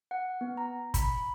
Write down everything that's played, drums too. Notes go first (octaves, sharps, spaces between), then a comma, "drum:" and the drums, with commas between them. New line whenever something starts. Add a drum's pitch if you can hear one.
F#5
B3
A#5
B5, drum: kick, hi-hat